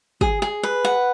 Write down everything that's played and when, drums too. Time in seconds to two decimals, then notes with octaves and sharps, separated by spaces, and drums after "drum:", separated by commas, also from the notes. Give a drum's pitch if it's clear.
0.21 G#4, drum: kick
0.42 G#4
0.63 B4
0.85 F#5